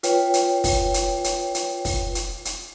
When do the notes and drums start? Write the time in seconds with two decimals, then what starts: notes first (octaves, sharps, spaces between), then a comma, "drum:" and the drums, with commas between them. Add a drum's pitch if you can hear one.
0.03 F4 B4 C#5 G5, drum: hi-hat
0.34 drum: hi-hat
0.64 drum: kick, open hi-hat
0.94 drum: hi-hat
1.24 drum: hi-hat
1.55 drum: hi-hat
1.85 drum: kick, open hi-hat
2.15 drum: hi-hat
2.45 drum: hi-hat